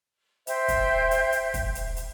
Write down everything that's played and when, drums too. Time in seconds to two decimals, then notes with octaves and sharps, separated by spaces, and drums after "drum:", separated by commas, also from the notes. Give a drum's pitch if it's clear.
0.47 C5 E5 G5, drum: hi-hat
0.68 drum: kick, hi-hat
1.11 drum: hi-hat
1.32 drum: hi-hat
1.54 drum: kick, hi-hat
1.75 drum: hi-hat
1.97 drum: hi-hat